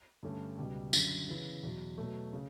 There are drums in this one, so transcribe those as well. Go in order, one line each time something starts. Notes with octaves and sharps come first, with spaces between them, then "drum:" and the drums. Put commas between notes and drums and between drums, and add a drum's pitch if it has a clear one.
G2 D3 A3 C#4
C#2 B2 G3
F#2 D3 F#3, drum: tambourine
C#3 E3 B3 E4
E2 B2 F#3
B2 F#3 A3
C#3